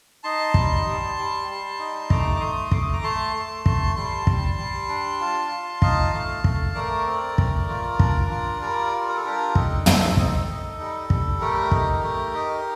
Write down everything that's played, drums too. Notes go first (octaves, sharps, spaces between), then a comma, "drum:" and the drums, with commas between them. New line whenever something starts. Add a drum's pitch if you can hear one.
D#4 A5 C6
G3, drum: kick
G3
G3
G3
D#4
A3 A#5 D6, drum: kick
D6
A3 C6 D#6
A3 D6, drum: kick
D#6
A#5 D6
A3 A5 C6
A3
A3, drum: kick
G3 A5 C6
G3, drum: kick
G3
D4
F4
F4
D#4 F5 A5, drum: kick
A3
A3, drum: kick
A3 A#4 D5
C4
A3, drum: kick
F4
D4, drum: kick
F4
G3 A#4 D5
F4
A#4
A4
D4 G4 A#4
D#4 A4, drum: kick
C4, drum: tom
D#4, drum: kick
D#4
G3
G3, drum: kick
A3 G4 A#4
D#4, drum: kick
A3
D#4